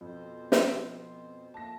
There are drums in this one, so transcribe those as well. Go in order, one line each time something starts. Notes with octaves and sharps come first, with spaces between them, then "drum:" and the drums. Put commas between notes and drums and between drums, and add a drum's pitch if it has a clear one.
F2 B2 C5
drum: snare
F3 A3 A#3 A5 A#6